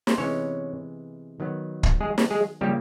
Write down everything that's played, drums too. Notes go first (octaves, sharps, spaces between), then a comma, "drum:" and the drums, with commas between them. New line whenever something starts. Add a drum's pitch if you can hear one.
C5, drum: snare
C3 E3 G#3 B3 C#4 C#5
D#3 F#3 B3
drum: kick
G#3 G#4
drum: snare
G#3 G#4
C#3 F3 G3 A#3 G4